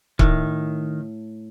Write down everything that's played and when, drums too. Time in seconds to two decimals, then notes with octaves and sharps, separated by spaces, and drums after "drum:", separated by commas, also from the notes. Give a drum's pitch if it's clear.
0.19 A2 D#3, drum: kick C#1